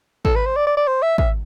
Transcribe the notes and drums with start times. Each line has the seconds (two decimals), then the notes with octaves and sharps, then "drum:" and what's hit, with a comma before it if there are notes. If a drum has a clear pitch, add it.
0.25 A4, drum: kick
0.36 B4
0.46 C5
0.56 D5
0.67 D5
0.77 D5
0.87 C5
1.03 E5
1.18 E5, drum: kick